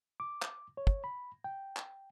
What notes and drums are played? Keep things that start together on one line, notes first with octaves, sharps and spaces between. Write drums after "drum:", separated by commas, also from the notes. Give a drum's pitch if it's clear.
D6
drum: clap
C#5
drum: kick
B5
G5
drum: clap